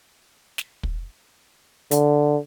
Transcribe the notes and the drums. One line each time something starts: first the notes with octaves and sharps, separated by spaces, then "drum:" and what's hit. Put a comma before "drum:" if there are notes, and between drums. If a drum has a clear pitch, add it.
drum: snare
drum: kick
D3, drum: hi-hat